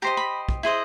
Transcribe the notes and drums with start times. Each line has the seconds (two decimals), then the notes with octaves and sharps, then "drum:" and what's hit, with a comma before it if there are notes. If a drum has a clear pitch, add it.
0.02 G4 C5 D#5 A#5
0.17 B5
0.49 drum: kick
0.63 E4 G#4 C5 D#5